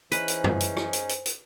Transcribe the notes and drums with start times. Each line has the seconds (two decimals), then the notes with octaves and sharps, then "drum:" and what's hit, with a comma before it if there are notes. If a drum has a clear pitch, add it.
0.12 E3 C#4 D#4 G#4 B4 C5 G#5, drum: hi-hat
0.28 drum: hi-hat
0.44 drum: tom
0.60 drum: hi-hat
0.77 drum: rim click
0.93 drum: hi-hat
1.09 drum: hi-hat
1.26 drum: hi-hat